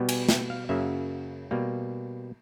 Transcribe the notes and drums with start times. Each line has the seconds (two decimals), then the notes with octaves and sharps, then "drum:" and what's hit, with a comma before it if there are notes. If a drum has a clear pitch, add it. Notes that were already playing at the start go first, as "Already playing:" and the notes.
Already playing: B2 G3 B3
0.09 G#5, drum: cymbal
0.29 G5, drum: snare
0.50 F5
0.69 F#2 C#3 F#3 A#3 E5
1.51 B2 G3 A#3